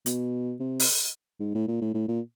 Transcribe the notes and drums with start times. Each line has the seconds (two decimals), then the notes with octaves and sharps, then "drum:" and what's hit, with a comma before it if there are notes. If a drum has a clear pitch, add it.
0.06 B2, drum: hi-hat
0.60 C3
0.80 drum: open hi-hat
1.40 G#2
1.55 A2
1.68 A#2
1.81 A2
1.94 A2
2.08 A#2